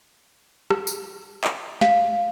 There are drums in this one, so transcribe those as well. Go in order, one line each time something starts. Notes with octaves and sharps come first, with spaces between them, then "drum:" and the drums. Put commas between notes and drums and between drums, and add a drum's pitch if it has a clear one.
drum: rim click
drum: tambourine
drum: clap
F5, drum: snare